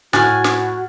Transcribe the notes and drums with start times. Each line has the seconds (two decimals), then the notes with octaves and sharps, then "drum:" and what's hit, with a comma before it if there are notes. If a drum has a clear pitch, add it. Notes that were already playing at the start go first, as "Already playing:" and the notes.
0.13 A2 F#4 G#5 F6 F#6 A6, drum: snare
0.44 drum: snare